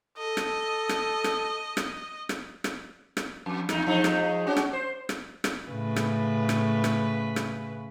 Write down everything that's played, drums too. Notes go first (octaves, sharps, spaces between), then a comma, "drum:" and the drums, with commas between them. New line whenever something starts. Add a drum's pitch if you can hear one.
A4 D#5
drum: rim click
drum: rim click
drum: rim click
drum: rim click
drum: rim click
drum: rim click
drum: rim click
F2
E2 D#4, drum: rim click
F3 G#3 D#4
drum: rim click
C#4 F#4
drum: rim click
C5
drum: rim click
drum: rim click
A2 C#3 B4
drum: rim click
drum: rim click
drum: rim click
drum: rim click